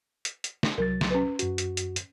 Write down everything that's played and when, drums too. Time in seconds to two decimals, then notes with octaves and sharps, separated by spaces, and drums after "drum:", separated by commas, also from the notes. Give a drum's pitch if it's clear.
0.25 drum: hi-hat
0.44 drum: hi-hat
0.63 drum: snare
0.78 C2 F#3 A#4 A6
1.01 drum: snare
1.10 C#4 B4
1.39 F#2 F#4, drum: hi-hat
1.58 drum: hi-hat
1.77 drum: hi-hat
1.96 drum: hi-hat